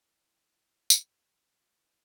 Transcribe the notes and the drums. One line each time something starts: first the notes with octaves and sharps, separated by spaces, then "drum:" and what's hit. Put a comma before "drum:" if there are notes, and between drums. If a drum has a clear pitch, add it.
E4 B5
A4
drum: tambourine
A#3 F4
E3